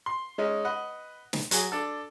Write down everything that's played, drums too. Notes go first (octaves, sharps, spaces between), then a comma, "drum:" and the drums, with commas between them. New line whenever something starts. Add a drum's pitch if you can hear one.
C6
G#3 C#4 D#4
B4 D#5 F#5
drum: snare
F#3 F#4 G#4, drum: hi-hat
D4 A4